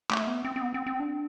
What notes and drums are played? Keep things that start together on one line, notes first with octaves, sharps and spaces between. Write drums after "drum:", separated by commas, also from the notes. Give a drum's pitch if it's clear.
A3, drum: clap
B3
C4
C4
B3
C4
C4
D4